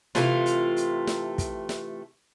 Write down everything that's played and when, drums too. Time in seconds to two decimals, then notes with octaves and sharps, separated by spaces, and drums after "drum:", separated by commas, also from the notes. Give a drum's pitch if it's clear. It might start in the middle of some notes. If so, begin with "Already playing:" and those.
0.15 C3 E3 A3 F4, drum: snare
0.46 drum: hi-hat
0.77 drum: hi-hat
1.07 drum: snare
1.38 drum: kick, hi-hat
1.69 drum: snare